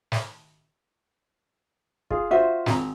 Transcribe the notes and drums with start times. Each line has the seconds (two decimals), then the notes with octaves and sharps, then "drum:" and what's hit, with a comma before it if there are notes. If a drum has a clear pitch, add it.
0.12 drum: snare
2.11 F4 G#4, drum: kick
2.31 F4 F#4 C5 E5
2.66 G#1 A#5, drum: snare